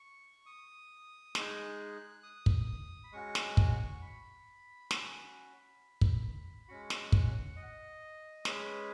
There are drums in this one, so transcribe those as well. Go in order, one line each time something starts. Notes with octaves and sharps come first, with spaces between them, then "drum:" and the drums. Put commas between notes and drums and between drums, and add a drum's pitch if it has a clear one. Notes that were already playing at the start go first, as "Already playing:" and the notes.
Already playing: C#6
D#6
G#3 D#4 G#4 F#6, drum: snare
D#6
drum: kick
B5
G#3 C#4 F#4 C#6
drum: snare
drum: kick
B5
C#4 F#4, drum: snare
drum: kick
G#3 C#4 F#4 F#5
drum: snare
drum: kick
D#5
G#3 C#4 G#4 B4, drum: snare